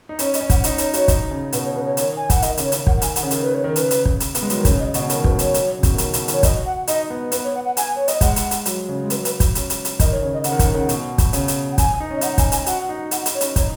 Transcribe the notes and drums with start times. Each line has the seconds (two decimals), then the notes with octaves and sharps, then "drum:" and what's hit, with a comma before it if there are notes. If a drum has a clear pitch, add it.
0.09 D#4
0.19 C#4 C#5, drum: hi-hat
0.34 D#5, drum: hi-hat
0.41 C#4
0.50 F#5, drum: kick, hi-hat
0.64 D#4 D#5, drum: hi-hat
0.78 D#4 C#5, drum: hi-hat
0.93 F#4 C#5, drum: hi-hat
1.08 D#4, drum: kick, hi-hat
1.31 C#3
1.52 B2 B4, drum: hi-hat
1.64 C#5
1.75 C#3 B4
1.86 C#5
1.97 D#3 C#5, drum: hi-hat
2.16 G#5
2.30 F#5, drum: kick, hi-hat
2.42 D#3 D#5, drum: hi-hat
2.57 C#3, drum: hi-hat
2.65 C#5
2.72 C#3, drum: hi-hat
2.87 D#3 F#5, drum: kick
3.02 G#5, drum: hi-hat
3.16 F#5, drum: hi-hat
3.23 C#3
3.31 D#3, drum: hi-hat
3.42 B4
3.54 C#5
3.64 D#3
3.76 C#3 B4, drum: hi-hat
3.91 drum: hi-hat
4.05 drum: kick
4.20 drum: hi-hat
4.35 B3, drum: hi-hat
4.42 G#3
4.50 F#3, drum: hi-hat
4.57 D#3
4.65 C#3 C#5, drum: kick, hi-hat
4.79 D#5
4.94 B2 D#5, drum: hi-hat
5.02 C#3
5.10 D#3 C#5, drum: hi-hat
5.24 F#3 B4, drum: kick
5.39 D#3 C#5, drum: hi-hat
5.54 F#3, drum: hi-hat
5.78 C#3
5.83 B2, drum: kick, hi-hat
5.94 D#3
5.98 C#3, drum: hi-hat
6.13 B2, drum: hi-hat
6.28 D#3 C#5, drum: hi-hat
6.43 F#4 D#5, drum: kick, hi-hat
6.65 F#5
6.87 D#4 D#5, drum: hi-hat
7.10 B3
7.32 B3 B4, drum: hi-hat
7.44 C#5
7.55 F#5
7.66 F#5
7.77 G#5, drum: hi-hat
7.95 C#5
8.08 D#5, drum: hi-hat
8.21 G#3 F#5, drum: kick, hi-hat
8.36 drum: hi-hat
8.51 drum: hi-hat
8.66 F#3, drum: hi-hat
8.89 C#3
9.04 G#3
9.10 F#3 B4, drum: hi-hat
9.25 B4, drum: hi-hat
9.40 drum: kick, hi-hat
9.55 C#4, drum: hi-hat
9.70 drum: hi-hat
9.85 drum: hi-hat
10.00 D#3 D#5, drum: kick, hi-hat
10.11 C#5
10.22 C#3 C#5
10.33 D#5
10.44 C#3 F#5, drum: hi-hat
10.52 D#3
10.59 C#3, drum: kick, hi-hat
10.67 D#3
10.74 C#3
10.89 B2, drum: hi-hat
11.18 drum: kick, hi-hat
11.33 C#3, drum: hi-hat
11.48 drum: hi-hat
11.72 F#5
11.78 G#5, drum: kick, hi-hat
12.00 D#4
12.11 C#4
12.16 D#5
12.21 D#4 F#5, drum: hi-hat
12.38 G#5, drum: kick, hi-hat
12.52 G#5, drum: hi-hat
12.62 G#5
12.66 F#4 F#5, drum: hi-hat
12.89 D#4
13.11 F#4 F#5, drum: hi-hat
13.26 D#4, drum: hi-hat
13.34 C#5
13.41 C#4, drum: hi-hat
13.56 D#4 C#5, drum: kick, hi-hat